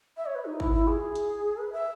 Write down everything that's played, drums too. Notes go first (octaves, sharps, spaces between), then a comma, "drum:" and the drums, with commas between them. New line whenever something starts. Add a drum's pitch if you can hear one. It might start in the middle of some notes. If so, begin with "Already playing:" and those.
E5
C#5
B4
D#4
E4, drum: kick
E4
G#4
drum: hi-hat
B4
E5